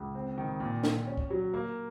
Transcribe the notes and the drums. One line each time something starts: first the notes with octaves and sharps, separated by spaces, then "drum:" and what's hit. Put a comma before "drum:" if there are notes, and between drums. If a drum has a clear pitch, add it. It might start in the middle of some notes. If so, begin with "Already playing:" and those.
Already playing: C#2
C4
D#3
A#2
A#2, drum: snare
C#4
drum: kick C#2
F#3
A#3